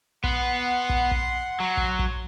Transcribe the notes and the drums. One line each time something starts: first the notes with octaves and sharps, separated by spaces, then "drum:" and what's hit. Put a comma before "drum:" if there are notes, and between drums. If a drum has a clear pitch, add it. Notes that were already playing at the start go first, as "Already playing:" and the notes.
B3 F#5 C6, drum: kick
drum: kick
drum: kick
F#3
drum: kick
drum: kick